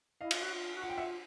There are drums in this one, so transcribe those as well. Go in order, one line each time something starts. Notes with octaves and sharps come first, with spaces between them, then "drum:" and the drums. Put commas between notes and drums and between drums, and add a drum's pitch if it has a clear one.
E4 D#5 F5
F4, drum: cymbal
F#4
F4
F#4
F4 F#5
G5
E5 F#5